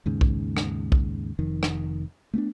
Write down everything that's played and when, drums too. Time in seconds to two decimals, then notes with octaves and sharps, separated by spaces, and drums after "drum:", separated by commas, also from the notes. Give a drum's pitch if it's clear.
0.06 D#2 G#2 C#3
0.21 drum: kick B1
0.57 drum: rim click
0.92 drum: kick B1
1.39 F1 F2 D#3
1.63 drum: rim click
2.34 A3 B3 C4 D4